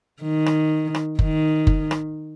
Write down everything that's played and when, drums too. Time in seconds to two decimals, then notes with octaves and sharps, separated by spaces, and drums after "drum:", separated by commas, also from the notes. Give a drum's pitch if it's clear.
0.22 D#3
0.46 drum: rim click
0.95 drum: rim click
1.19 D#3, drum: kick F#1
1.67 drum: kick F#1
1.91 drum: rim click